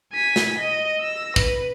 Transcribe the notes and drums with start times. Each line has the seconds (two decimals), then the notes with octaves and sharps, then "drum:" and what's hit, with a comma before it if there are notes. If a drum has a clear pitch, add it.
0.13 G#5 B6
0.36 drum: snare
0.58 D#5
1.02 E6 A#6
1.36 B4, drum: kick